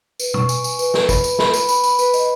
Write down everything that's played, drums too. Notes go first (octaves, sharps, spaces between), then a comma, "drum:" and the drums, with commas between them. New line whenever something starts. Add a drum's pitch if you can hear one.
B4, drum: tambourine
C#6, drum: tom
G#5, drum: tambourine
G#5, drum: tambourine
B4, drum: tambourine
B4, drum: snare
B5, drum: kick, tambourine
B4, drum: tambourine
B5, drum: snare
B5, drum: tambourine
B5, drum: tambourine
B5, drum: tambourine
B4, drum: tambourine
D#5, drum: tambourine